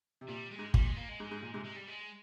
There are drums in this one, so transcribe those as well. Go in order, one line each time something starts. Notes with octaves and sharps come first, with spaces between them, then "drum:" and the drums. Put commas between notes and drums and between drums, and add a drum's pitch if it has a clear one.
C3
A#2 G3
G#3
G#2
A#2 G3, drum: kick
G#3
A#3
G#3
G#2
G#2
A#2
G#2 C3
G#3
G3
G#3